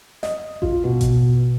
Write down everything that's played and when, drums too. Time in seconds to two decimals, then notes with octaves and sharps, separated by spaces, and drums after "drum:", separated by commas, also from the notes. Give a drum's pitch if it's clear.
0.23 D#5, drum: snare
0.62 F4, drum: kick A1
0.84 B2
1.01 drum: kick A1, hi-hat